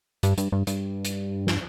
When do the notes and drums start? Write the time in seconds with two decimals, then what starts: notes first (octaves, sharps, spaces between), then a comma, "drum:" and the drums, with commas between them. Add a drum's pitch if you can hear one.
0.23 G2, drum: hi-hat
0.38 G2, drum: hi-hat
0.52 G2
0.67 G2, drum: hi-hat
1.05 drum: hi-hat
1.47 drum: snare